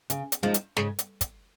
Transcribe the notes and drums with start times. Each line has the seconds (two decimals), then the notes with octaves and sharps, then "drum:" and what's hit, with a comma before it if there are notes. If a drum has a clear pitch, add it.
0.10 C#3, drum: hi-hat
0.32 drum: hi-hat
0.43 F3 G#3 D#4
0.54 drum: hi-hat
0.77 G#2 C#3, drum: snare
0.99 drum: hi-hat
1.21 drum: kick, hi-hat